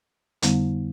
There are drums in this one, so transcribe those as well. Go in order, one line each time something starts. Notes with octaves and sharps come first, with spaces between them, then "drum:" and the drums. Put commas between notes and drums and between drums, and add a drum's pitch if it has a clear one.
F2 D3 G3 B3, drum: hi-hat